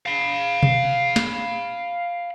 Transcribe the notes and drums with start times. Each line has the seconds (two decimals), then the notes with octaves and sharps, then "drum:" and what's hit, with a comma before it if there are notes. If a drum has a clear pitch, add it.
0.06 F5 B5
0.63 drum: tom B2
1.16 drum: snare